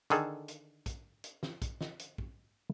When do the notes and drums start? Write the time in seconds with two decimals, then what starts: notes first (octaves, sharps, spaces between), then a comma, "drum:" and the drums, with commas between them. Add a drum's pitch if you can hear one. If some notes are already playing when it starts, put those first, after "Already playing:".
0.10 D3 D#3 G#4 A4, drum: hi-hat
0.48 drum: hi-hat
0.86 drum: kick, hi-hat
1.24 drum: hi-hat
1.43 drum: snare
1.62 drum: kick, hi-hat
1.81 drum: snare
1.99 drum: hi-hat
2.18 drum: kick